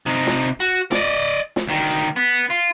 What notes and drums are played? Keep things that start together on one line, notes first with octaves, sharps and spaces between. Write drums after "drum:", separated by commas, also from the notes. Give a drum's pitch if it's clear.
C3 D#4
drum: snare
F#4
D5 D#5, drum: snare
drum: snare
D2 D#3
B3
F4